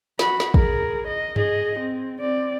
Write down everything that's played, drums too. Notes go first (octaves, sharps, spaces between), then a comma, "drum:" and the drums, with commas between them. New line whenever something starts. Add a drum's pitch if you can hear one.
F#4 B5, drum: snare
drum: snare
G#4 A#4, drum: kick
D#5
G#4 D#5, drum: tom G2
C4
C4 D5